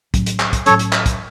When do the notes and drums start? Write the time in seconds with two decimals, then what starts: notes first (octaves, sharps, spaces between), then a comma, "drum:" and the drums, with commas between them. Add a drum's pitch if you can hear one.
0.14 A2 F#3 C#4, drum: kick, hi-hat
0.26 drum: hi-hat
0.40 drum: clap
0.53 drum: kick, hi-hat
0.66 A2 F#3 C#4 A4 C#5, drum: hi-hat
0.79 drum: hi-hat
0.93 drum: clap
1.06 drum: kick, hi-hat